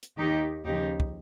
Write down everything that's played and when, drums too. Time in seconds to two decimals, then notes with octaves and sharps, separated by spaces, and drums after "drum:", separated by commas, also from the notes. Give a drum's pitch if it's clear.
0.03 drum: hi-hat
0.18 D#2 D#3 D#4 G4
0.64 D#2 C#3 F3 D#4 G4
1.00 drum: kick